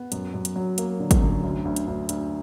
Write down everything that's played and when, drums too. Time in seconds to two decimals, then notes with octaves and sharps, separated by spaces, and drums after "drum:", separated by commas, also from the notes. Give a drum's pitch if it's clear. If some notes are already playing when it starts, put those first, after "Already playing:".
Already playing: B3
0.12 F#2, drum: hi-hat
0.34 F#2
0.45 drum: hi-hat
0.56 F#3
0.78 A#3, drum: hi-hat
1.00 D3
1.11 drum: kick, hi-hat
1.22 F#2
1.44 D2
1.65 D2
1.76 drum: hi-hat
1.88 D2
2.09 D2, drum: hi-hat